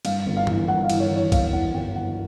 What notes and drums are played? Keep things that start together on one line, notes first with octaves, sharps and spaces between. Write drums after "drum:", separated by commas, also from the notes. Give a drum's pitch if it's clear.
G2 F5, drum: cymbal
G1
F5
E3, drum: tom G#2
G2 F#5
F5
E3, drum: cymbal
C#5
E3
C#5
G1 F5, drum: kick, cymbal
E3 F#5
G1 G5
E3 F#5